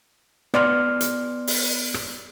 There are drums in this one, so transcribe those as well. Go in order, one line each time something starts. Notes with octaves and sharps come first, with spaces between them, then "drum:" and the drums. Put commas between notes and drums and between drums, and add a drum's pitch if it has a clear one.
B3 D5 C6 F6, drum: rim click
drum: hi-hat
drum: open hi-hat
drum: rim click